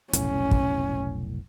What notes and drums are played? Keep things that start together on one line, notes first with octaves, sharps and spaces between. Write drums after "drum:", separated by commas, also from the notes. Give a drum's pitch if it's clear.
F1 B1 A2 C#4, drum: hi-hat
drum: kick